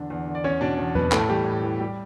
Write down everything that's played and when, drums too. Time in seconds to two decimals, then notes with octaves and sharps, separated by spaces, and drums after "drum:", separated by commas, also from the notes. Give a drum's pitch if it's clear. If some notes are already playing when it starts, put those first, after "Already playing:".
Already playing: E2 D3 D4
0.10 E2
0.27 D3
0.35 D5
0.44 E2 C#4 C#5
0.61 B2 D4 D5
0.78 E2
0.95 B2 B3 B4, drum: tom E2
1.12 A2 A3 A4, drum: clap
1.29 E3 G3 G4
1.46 A2
1.64 E3
1.80 G3 G4